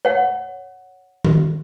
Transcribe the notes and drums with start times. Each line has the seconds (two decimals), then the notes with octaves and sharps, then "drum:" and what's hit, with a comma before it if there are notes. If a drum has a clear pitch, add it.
0.05 C#5 F#5
1.25 drum: tom D#3